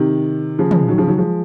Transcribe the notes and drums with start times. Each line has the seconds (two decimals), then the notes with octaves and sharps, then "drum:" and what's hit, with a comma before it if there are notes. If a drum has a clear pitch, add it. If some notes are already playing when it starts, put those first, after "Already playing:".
Already playing: C3 D#3
0.59 C#3 F3
0.71 drum: tom
0.88 D#3 F#3
0.98 C#3 F3
1.07 D#3 F#3
1.18 F3 G#3